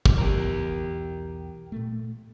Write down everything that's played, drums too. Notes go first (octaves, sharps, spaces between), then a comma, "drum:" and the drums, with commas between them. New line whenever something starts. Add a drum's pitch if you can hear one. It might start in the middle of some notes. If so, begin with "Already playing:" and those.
drum: kick
B1 E2 G4 A#4
A#2 A3